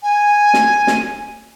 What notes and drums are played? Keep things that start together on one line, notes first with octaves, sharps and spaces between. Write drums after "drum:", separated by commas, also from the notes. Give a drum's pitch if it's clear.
G#5
drum: snare
drum: snare